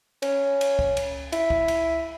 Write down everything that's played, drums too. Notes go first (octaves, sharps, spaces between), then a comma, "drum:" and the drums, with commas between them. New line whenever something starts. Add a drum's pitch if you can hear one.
C#4, drum: cymbal
drum: cymbal
drum: kick C#2
drum: cymbal
E4, drum: cymbal
drum: kick C#2
drum: cymbal